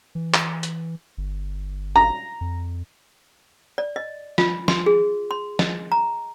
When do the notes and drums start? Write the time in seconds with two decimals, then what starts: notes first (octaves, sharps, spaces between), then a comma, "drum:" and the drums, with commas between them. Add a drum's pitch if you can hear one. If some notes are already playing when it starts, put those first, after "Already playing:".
0.15 E3
0.34 drum: clap
0.63 drum: hi-hat
1.18 G1
1.96 A#5
2.41 F2
3.78 D5
3.96 D#5
4.38 F4, drum: snare
4.68 C6, drum: snare
4.86 G#4
5.31 C6
5.59 D#5, drum: snare
5.92 A#5